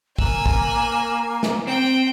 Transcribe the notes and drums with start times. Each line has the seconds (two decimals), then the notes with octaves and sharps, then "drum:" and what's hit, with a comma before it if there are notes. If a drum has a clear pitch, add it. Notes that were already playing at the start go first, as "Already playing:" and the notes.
0.19 A#3 G#5 E6 F#6, drum: kick
0.46 drum: kick
1.43 drum: snare
1.67 C4 G5